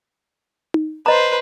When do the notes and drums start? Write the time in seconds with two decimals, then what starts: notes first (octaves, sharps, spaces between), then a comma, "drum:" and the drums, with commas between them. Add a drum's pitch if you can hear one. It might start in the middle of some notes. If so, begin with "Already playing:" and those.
0.74 drum: tom D#4
1.06 B4 C5 D#5 A#5